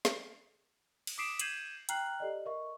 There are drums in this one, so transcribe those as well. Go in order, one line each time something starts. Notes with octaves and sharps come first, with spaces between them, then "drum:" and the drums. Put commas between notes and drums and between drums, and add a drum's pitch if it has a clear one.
drum: snare
drum: cymbal
D6 D#6 B6 C7 D7 E7
G6 G#6 C7 D#7 E7 F#7, drum: hi-hat
G5 A#5 F6 F#6 C7 F#7, drum: hi-hat
G4 A4 D5 D#5
A#4 D#5 E5 C#6